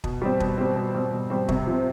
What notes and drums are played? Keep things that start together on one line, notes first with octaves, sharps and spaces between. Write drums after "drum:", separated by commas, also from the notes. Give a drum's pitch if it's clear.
B2, drum: kick
G3 C4
B2, drum: kick
G3 C4
B2
G3 C4
B2
G3 C4
C3, drum: kick
F3 C4